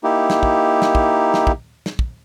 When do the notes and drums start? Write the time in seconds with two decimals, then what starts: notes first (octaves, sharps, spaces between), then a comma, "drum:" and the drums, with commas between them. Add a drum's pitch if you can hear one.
0.04 A#3 D#4 E4 G4
0.30 drum: snare
0.43 drum: kick
0.82 drum: snare
0.95 drum: kick
1.34 drum: snare
1.47 drum: kick
1.86 drum: snare
1.99 drum: kick